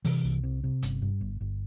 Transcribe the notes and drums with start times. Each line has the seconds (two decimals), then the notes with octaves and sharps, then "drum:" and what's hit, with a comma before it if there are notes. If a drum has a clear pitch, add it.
0.05 C3 E3, drum: open hi-hat
0.24 C2
0.43 C3
0.64 C3
0.82 G1, drum: hi-hat
1.02 G2
1.21 G1
1.41 G1